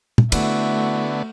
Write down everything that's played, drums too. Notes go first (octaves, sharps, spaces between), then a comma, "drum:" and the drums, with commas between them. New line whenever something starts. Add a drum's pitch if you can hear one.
drum: tom
D3 A3 B3 E4 F#4 E5, drum: cymbal